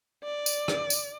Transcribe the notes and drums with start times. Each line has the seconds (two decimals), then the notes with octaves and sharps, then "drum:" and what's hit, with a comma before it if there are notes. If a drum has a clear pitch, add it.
0.24 D5
0.46 drum: tambourine
0.68 drum: rim click
0.90 drum: tambourine